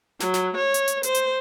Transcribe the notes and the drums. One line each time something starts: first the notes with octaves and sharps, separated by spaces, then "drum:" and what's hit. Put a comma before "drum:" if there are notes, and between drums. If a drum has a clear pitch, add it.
F#3, drum: snare
drum: snare
C#5
drum: hi-hat
drum: hi-hat
C5, drum: hi-hat
drum: hi-hat